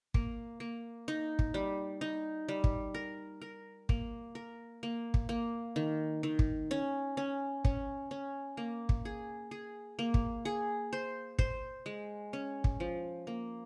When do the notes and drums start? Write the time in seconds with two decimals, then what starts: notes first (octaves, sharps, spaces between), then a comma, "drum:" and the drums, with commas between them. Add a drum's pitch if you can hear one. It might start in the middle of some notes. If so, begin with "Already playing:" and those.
0.14 A#3, drum: kick
0.60 A#3
1.08 D#4
1.39 drum: kick
1.54 G3
2.01 D#4
2.48 G3
2.64 drum: kick
2.94 A#4
3.42 A#4
3.89 A#3, drum: kick
4.35 A#4
4.83 A#3
5.14 drum: kick
5.29 A#3
5.76 D#3
6.23 D#3
6.39 drum: kick
6.71 C#4
7.17 C#4
7.65 C#4, drum: kick
8.11 C#4
8.57 A#3
8.89 drum: kick
9.05 G#4
9.51 G#4
9.99 A#3
10.14 drum: kick
10.45 G#4
10.93 C5
11.39 C5, drum: kick
11.86 G#3
12.33 C#4
12.64 drum: kick
12.80 F3
13.27 A#3